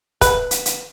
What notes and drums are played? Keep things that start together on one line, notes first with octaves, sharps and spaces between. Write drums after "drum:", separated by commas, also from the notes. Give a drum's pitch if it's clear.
B4, drum: kick, hi-hat
drum: hi-hat
drum: hi-hat